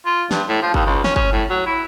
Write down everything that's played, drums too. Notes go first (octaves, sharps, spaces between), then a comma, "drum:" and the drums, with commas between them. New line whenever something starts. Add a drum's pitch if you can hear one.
F4
G2, drum: snare
A2
F3
D#2, drum: kick G1
C#2
C#4, drum: snare
C#4, drum: kick G1
A2
F#3
E4